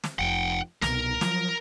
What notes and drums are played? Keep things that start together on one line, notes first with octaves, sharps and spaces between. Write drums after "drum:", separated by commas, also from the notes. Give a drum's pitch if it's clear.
drum: snare
F1 F2 F#5 G5
C2 B2 A#4, drum: snare
F3 F#3, drum: snare